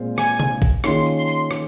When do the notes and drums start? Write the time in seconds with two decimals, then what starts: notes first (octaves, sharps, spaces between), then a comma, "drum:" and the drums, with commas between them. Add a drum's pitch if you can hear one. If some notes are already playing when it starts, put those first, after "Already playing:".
Already playing: A#2 G#3 C4 F4 C5
0.18 G#5, drum: rim click
0.40 drum: tom C3
0.62 drum: kick A1, tambourine
0.84 D#3 A#3 C#4 F4 G#4 C6, drum: rim click
1.06 drum: tambourine
1.18 C6
1.28 drum: tambourine
1.51 drum: rim click